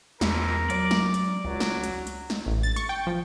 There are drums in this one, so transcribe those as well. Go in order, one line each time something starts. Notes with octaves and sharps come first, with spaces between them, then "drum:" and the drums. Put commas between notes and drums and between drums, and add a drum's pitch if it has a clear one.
E2 B2 E3 F3 A#4, drum: snare
F#3 D5, drum: hi-hat
drum: snare
drum: hi-hat
C#2 F#3
drum: snare
drum: hi-hat
drum: hi-hat
drum: snare
A1
A6
C#6, drum: hi-hat
G5
F3